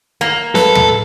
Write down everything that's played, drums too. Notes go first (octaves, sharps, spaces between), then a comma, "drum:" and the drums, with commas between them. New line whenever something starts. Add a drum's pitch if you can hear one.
A#3 A#5
A4 B4, drum: snare
drum: tom